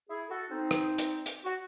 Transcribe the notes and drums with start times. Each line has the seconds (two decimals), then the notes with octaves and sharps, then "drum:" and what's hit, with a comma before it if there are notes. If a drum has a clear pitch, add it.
0.09 E4 G#4
0.29 F#4 A4
0.50 C4 D#4
0.71 drum: rim click
0.98 drum: hi-hat
1.26 drum: hi-hat
1.45 F#4